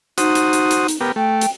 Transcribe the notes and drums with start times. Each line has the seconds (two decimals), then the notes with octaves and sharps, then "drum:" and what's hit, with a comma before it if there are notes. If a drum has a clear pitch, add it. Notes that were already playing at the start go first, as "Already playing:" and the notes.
0.18 D#4 F#4 C5 D#6, drum: hi-hat
0.35 drum: hi-hat
0.53 drum: hi-hat
0.71 drum: hi-hat
0.88 drum: hi-hat
1.01 B3 G4 A#4
1.16 A3 G5
1.41 drum: hi-hat